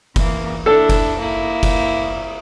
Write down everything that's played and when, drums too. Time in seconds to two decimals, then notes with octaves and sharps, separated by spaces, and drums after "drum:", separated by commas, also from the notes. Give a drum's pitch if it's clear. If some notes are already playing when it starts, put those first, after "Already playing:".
0.16 E3 A#3, drum: kick F#1, cymbal
0.66 D4 E4 A4
0.89 drum: kick F#1, cymbal
1.18 A#3 E4
1.63 drum: kick F#1, cymbal